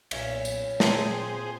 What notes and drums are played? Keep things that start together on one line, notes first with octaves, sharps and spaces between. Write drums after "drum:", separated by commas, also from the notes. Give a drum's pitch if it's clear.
B1 A#2 C#4 E4 C#5, drum: cymbal
drum: tambourine
A#2 C4 G#4 C5 A5 A#5 C6 D#7, drum: snare